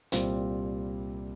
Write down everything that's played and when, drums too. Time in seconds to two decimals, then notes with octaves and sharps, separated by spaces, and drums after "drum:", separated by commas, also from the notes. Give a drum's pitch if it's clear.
0.12 C2 A#2 G3 C4 F4, drum: hi-hat